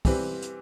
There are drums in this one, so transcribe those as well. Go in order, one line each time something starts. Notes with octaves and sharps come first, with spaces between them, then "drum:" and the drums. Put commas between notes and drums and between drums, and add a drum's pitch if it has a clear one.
E3 G3 C4 G4 B4, drum: kick, open hi-hat
drum: hi-hat